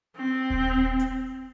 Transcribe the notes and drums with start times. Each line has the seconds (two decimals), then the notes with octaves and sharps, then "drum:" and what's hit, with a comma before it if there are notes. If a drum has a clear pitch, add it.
0.17 C4
0.50 drum: kick D#1
1.00 drum: hi-hat